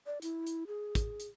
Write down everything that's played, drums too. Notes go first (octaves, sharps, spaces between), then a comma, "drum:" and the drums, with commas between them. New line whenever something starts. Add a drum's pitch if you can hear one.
D5
E4, drum: hi-hat
drum: hi-hat
G#4
drum: kick, hi-hat
drum: hi-hat